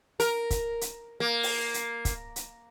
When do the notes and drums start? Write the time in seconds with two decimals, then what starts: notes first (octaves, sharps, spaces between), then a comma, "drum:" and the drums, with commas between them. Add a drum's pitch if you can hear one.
0.20 A#4, drum: hi-hat
0.51 drum: kick, hi-hat
0.81 drum: hi-hat
1.20 A#3
1.43 drum: open hi-hat
1.74 drum: hi-hat
2.05 drum: kick, hi-hat
2.36 drum: hi-hat